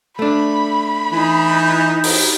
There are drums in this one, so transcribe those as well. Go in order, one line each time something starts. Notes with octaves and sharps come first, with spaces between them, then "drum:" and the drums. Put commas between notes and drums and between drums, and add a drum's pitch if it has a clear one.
A3 D4 B5
E3 D#4
drum: open hi-hat